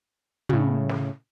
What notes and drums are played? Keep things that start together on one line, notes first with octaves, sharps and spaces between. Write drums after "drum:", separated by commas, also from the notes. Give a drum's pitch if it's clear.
A2 C#3, drum: tom
drum: snare